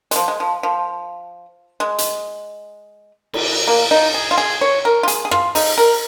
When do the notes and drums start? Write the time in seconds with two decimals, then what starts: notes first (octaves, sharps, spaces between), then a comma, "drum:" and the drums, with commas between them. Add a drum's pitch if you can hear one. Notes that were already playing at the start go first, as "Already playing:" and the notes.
0.11 G#3, drum: hi-hat
0.16 F3
0.28 G#3
0.40 F3
0.63 F3
1.80 G#3
1.98 drum: hi-hat
3.34 drum: cymbal
3.68 A#3
3.91 D#4
4.14 G#4
4.31 F4
4.38 G#4
4.61 C#5
4.85 A#4
5.03 F4
5.08 G#4, drum: hi-hat
5.25 G#4
5.31 F4, drum: rim click
5.55 D#4, drum: open hi-hat
5.78 A#4